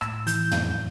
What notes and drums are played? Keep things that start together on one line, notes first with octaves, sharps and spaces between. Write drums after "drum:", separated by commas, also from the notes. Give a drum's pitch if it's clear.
A2 E6, drum: rim click
E3 G6, drum: hi-hat
drum: tom